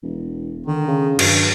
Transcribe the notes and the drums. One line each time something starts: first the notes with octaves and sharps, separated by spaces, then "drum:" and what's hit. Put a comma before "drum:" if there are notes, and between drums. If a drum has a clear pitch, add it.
E1
D3 D#3
C#3
G2 F#3, drum: cymbal